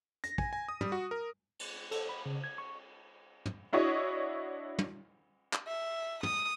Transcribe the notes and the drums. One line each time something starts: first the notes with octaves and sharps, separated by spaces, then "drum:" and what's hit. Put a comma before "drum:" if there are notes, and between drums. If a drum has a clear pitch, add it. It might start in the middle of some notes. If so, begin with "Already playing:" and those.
A#6, drum: hi-hat
G#5, drum: kick
G#5
D#6
G3, drum: tom
F#4
A#4
drum: cymbal
A4, drum: cymbal
B5
C#3
G#6
C#6
drum: tom
D4 E4 F#4 C#5 D#5
drum: tom
drum: clap
E5
D#6, drum: tom